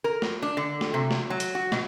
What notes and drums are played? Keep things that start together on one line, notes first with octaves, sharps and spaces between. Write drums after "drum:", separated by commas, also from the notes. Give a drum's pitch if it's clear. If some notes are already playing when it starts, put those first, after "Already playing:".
A#4
drum: snare
D4
D3
drum: snare
C3
drum: snare
F#3
drum: hi-hat
F#4
B2, drum: snare